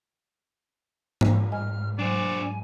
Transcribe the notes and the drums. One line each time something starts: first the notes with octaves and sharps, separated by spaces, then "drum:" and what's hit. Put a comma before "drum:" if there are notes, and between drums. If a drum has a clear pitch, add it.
drum: tom G#2
D#5 G#5 F6
F#3 D4 C5 D5 G#5